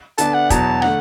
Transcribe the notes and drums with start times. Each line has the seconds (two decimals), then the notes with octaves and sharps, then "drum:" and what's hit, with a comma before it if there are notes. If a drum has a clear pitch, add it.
0.18 D3 B3 D4 A5, drum: hi-hat
0.34 F#5
0.50 E2 B2 F#3 B3 F#4 A5, drum: kick, hi-hat
0.82 D3 A3 F#5, drum: rim click